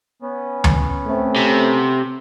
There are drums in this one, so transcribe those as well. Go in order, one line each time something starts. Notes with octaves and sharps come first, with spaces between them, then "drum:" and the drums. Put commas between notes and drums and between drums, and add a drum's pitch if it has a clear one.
B3 C#4
drum: tom D2
A3 C4
C3